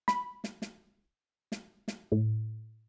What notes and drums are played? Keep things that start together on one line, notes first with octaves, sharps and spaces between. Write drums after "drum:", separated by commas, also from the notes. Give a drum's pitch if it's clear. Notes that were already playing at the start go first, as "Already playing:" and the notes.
B5, drum: snare
drum: snare
drum: snare
drum: snare
drum: snare
A2